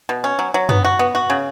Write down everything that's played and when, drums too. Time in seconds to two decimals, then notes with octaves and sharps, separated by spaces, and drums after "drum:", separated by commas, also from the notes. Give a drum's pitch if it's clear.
0.09 B2
0.24 C#4
0.39 F#3
0.54 F#3
0.69 B3, drum: tom F#2
0.84 F#4
0.99 B3
1.15 F#4
1.30 C#3